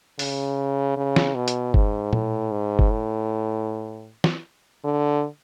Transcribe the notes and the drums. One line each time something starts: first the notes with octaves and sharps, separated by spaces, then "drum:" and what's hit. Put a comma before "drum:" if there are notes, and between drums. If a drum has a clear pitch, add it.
C#3, drum: open hi-hat
C#3
drum: snare
B2
drum: hi-hat
G#2, drum: kick F#1
A2, drum: tom A#2
G#2
drum: kick F#1
A2
drum: snare
D3